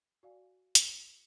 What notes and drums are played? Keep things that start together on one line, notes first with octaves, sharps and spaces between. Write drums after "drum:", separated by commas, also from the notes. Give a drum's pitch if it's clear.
F#4 D5 F5 G#5
drum: hi-hat